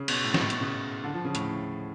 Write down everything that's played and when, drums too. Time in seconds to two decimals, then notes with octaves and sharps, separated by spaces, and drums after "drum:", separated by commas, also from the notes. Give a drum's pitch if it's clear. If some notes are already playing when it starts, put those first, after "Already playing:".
Already playing: C#3
0.08 B2, drum: cymbal
0.24 A2
0.34 G#2, drum: snare
0.40 A2
0.50 B2, drum: hi-hat
0.61 C#3
1.04 D3
1.14 F3
1.24 C#3
1.35 A2, drum: hi-hat